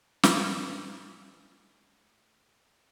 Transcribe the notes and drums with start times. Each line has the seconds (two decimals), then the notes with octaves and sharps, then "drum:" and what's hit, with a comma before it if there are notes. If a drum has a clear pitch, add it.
0.23 A2 G#3, drum: snare